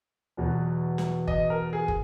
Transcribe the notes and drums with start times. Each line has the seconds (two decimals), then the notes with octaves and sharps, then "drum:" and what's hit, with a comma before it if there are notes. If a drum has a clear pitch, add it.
0.37 E2 B2 F#3 B3
0.98 drum: snare
1.28 D#5, drum: kick
1.50 A#4
1.73 G#4
1.88 drum: kick